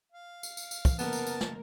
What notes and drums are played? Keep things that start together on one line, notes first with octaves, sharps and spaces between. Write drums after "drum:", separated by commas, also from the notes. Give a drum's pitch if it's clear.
F5
drum: tambourine
drum: tambourine
drum: tambourine
drum: kick, tambourine
F#1 A#3 B3 A#4 A5 E7, drum: tambourine
drum: tambourine
drum: tambourine
drum: snare